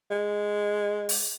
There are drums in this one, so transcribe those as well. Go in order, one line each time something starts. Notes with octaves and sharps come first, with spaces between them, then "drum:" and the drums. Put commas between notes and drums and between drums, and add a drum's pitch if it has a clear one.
G#3
drum: open hi-hat